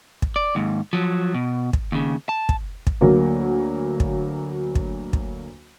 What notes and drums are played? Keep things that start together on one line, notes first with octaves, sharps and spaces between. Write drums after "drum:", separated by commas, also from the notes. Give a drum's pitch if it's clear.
drum: kick
D5
D#2 G#2
F3 F#3
B2
drum: kick
D#2 C#3
A5
drum: kick
drum: kick
D2 F#3 A#3
drum: kick
drum: kick
drum: kick